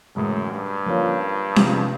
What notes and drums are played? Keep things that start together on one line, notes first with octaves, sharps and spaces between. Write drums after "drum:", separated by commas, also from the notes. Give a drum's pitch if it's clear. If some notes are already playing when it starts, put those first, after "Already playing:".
F#2 A2 E3 G#3
G2
F3 A#3 C#4 F4
C3 F3 G#3, drum: snare C#4